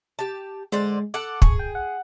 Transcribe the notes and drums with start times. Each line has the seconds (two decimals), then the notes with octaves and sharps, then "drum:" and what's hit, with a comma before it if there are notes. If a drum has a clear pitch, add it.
0.19 G4 A5
0.72 D3 G#3 C5 D5
1.14 A4 F#5 D6
1.42 G#4 C#6, drum: kick
1.59 G5
1.75 F#5